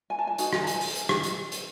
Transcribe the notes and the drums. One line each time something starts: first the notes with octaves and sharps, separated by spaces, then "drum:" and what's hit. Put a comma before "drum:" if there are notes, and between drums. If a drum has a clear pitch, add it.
G#5
A5
G#5
D#4 F#4, drum: hi-hat
drum: rim click
A5
G#5, drum: hi-hat
drum: open hi-hat
drum: hi-hat
drum: rim click
drum: hi-hat
drum: hi-hat